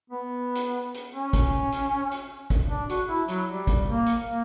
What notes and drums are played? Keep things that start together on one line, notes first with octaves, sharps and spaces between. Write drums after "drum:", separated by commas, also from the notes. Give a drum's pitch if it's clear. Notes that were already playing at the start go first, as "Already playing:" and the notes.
B3
drum: hi-hat
drum: hi-hat
C#4
drum: kick, hi-hat
drum: hi-hat
drum: hi-hat
drum: kick, hi-hat
D4
F#4, drum: hi-hat
E4
F#3, drum: hi-hat
G3
drum: kick, hi-hat
A#3
drum: hi-hat
A#3